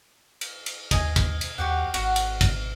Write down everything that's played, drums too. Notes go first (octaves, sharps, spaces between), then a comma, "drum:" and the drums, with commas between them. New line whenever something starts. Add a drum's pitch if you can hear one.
drum: cymbal
drum: cymbal
D#2 D#5 G#5, drum: kick, cymbal
drum: kick, cymbal
drum: cymbal
D#2 F#4 G4 F#5
G#1 F#4 F#5, drum: cymbal
drum: cymbal
drum: kick, cymbal